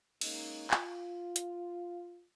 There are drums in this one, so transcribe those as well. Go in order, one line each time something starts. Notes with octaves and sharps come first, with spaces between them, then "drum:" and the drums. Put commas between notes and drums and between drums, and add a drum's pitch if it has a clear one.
G#3 A#3 C#4 D#4, drum: cymbal
F4, drum: clap
drum: hi-hat